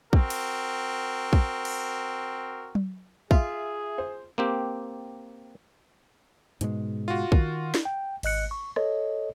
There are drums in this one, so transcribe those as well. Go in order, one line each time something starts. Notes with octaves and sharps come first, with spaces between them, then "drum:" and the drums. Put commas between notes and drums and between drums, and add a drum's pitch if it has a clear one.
C4 F#4 A#4, drum: kick
drum: cymbal
drum: kick
drum: cymbal
drum: tom F#3
F4 G#4 E5, drum: kick
C5
A#3 C4 G4
G#2 B2 G#3, drum: hi-hat
F4 F#4
D#3, drum: kick
drum: snare
G5
G#1 D#5 F#6 C#7, drum: cymbal
C#6
A4 C#5 D#5, drum: rim click